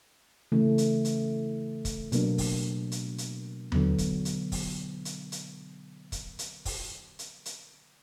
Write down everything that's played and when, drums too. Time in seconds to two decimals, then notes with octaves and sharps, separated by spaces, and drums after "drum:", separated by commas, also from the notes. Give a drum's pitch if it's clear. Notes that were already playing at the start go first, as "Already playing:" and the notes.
0.52 C#3 E3 A3
0.78 drum: hi-hat
1.05 drum: hi-hat
1.85 drum: kick, hi-hat
2.12 B2 F#3 A#3 D4, drum: hi-hat
2.38 drum: kick, open hi-hat
2.92 drum: hi-hat
3.18 drum: hi-hat
3.72 D3 F#3 B3, drum: tom D#2
3.98 drum: kick, hi-hat
4.25 drum: hi-hat
4.52 drum: kick, open hi-hat
5.05 drum: hi-hat
5.32 drum: hi-hat
6.12 drum: kick, hi-hat
6.39 drum: hi-hat
6.65 drum: kick, open hi-hat
7.19 drum: hi-hat
7.46 drum: hi-hat